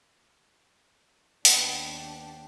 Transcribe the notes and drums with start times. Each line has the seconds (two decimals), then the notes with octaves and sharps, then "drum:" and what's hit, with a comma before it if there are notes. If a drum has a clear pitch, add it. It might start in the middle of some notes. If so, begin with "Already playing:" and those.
1.45 D#2 B2 D4 G4, drum: open hi-hat